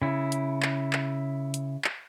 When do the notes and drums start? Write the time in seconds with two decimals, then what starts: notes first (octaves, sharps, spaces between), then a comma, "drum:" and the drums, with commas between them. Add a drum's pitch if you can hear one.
0.02 C#3 E4
0.32 drum: hi-hat
0.63 drum: clap
0.93 drum: clap
1.54 drum: hi-hat
1.84 drum: clap